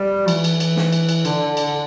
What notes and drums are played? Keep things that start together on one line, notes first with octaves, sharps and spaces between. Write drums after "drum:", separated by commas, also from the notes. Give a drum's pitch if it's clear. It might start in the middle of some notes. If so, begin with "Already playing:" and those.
Already playing: G3
E3, drum: cymbal
drum: cymbal
drum: cymbal
drum: snare
drum: cymbal
drum: cymbal
D3, drum: cymbal
drum: cymbal